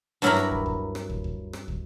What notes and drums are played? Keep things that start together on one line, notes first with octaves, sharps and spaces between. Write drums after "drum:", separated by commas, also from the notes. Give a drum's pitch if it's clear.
G2 F#3 E4 A#4 A#5 B5
drum: rim click
drum: kick
drum: kick
drum: rim click
drum: kick
drum: kick
drum: rim click
drum: kick